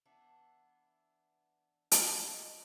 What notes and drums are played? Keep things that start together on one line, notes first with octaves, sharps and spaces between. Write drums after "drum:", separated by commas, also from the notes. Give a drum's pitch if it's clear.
E3 B3 D4
drum: hi-hat
E3 D#5 E5 A5